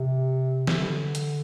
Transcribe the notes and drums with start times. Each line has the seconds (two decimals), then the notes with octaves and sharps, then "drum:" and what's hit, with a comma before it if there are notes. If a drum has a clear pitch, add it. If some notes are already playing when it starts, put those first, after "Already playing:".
Already playing: C3
0.67 D3, drum: snare
1.15 drum: hi-hat